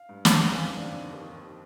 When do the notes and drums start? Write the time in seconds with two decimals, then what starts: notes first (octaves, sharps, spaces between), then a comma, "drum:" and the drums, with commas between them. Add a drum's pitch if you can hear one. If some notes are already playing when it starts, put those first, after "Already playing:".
Already playing: F5
0.09 G2
0.25 D#3, drum: snare
0.40 G2
0.54 F2 F5 G#5
0.69 D3
0.77 D5
0.85 F2
1.00 D#2
1.14 D#3
1.29 D#2